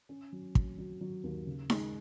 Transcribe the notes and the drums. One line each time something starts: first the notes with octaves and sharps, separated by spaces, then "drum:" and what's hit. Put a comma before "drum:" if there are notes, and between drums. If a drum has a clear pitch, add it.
C#4
F#3
F#3, drum: kick
F#3
F#3
D#2
C#3
G#3, drum: snare D#4